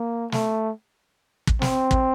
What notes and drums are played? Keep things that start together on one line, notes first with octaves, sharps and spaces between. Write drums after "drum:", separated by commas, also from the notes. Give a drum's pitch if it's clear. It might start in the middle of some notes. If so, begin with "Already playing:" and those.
Already playing: A#3
A3, drum: snare
drum: kick
C4, drum: snare
drum: kick